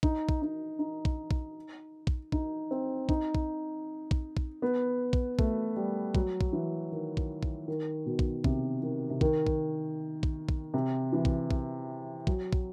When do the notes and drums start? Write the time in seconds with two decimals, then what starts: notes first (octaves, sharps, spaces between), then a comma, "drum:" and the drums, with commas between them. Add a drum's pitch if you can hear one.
0.03 D#4, drum: kick
0.29 drum: kick
0.42 D#4
0.79 D#4
1.05 drum: kick
1.31 drum: kick
2.07 drum: kick
2.32 D#4, drum: kick
2.71 C4
3.09 D#4, drum: kick
3.35 drum: kick
4.11 drum: kick
4.37 drum: kick
4.62 B3
5.13 drum: kick
5.39 A3, drum: kick
5.76 G3
6.15 F#3, drum: kick
6.41 drum: kick
6.53 E3
6.92 D#3
7.17 drum: kick
7.43 drum: kick
7.68 D#3
8.06 B2
8.19 drum: kick
8.44 C3, drum: kick
8.83 D#3
9.10 C3
9.21 D#3, drum: kick
9.47 drum: kick
10.23 drum: kick
10.49 drum: kick
10.74 C3
11.13 E3
11.25 drum: kick
11.51 drum: kick
12.27 F#3, drum: kick
12.53 drum: kick